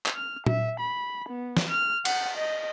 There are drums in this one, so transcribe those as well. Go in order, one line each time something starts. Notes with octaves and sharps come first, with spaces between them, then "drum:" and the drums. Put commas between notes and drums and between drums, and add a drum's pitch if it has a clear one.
drum: clap
F6
E5, drum: tom A#2
B5
B3
drum: snare
F6
F#5, drum: cymbal
D#5